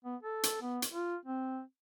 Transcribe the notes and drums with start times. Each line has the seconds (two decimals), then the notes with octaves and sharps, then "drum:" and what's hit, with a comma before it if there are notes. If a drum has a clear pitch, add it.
0.05 B3
0.23 A4
0.43 drum: hi-hat
0.62 B3
0.82 drum: hi-hat
0.92 F4
1.26 C4